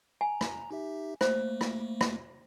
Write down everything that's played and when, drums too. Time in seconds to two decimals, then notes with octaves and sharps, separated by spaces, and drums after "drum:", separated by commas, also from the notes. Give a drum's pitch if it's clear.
0.21 G#5 A#5
0.41 drum: rim click
0.71 D#4 G4 E5
1.21 A3 A#3 C5, drum: rim click
1.61 drum: rim click
2.01 drum: rim click